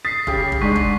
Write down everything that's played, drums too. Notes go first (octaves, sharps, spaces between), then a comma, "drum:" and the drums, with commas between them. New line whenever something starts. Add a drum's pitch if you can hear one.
D#6 A6 B6 C7
C#3 G4, drum: kick
drum: kick
G#2 G#3 D4 C#6 B6
drum: kick